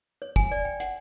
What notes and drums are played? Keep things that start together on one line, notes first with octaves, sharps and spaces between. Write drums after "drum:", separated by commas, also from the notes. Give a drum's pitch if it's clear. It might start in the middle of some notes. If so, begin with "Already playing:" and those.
C#5
G#5, drum: kick
D5
G5
F#5, drum: hi-hat